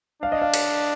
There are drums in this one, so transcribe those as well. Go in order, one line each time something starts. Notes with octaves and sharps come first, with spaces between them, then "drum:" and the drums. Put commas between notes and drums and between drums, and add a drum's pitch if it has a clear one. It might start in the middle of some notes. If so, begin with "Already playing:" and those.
D4 F5
D#5
F5
drum: cymbal